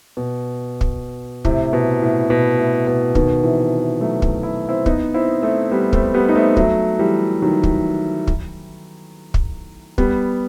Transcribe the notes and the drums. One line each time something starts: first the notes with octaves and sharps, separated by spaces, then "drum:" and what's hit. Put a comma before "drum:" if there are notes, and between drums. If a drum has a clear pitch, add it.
B2
drum: kick
A2 C3, drum: kick
B2
A2
B2
A2
B2
B2 D#3, drum: kick
C3 E3
F#3 A3
drum: kick
E4
C4 E4
B3 D#4, drum: kick
C4 E4
A3 C4
G3 B3
A3 C4, drum: kick
G3 B3
D#4
A3 C4
F#3 A3, drum: kick
E3 G3
D#3 F#3
drum: kick
drum: kick
drum: kick
G3 B3, drum: kick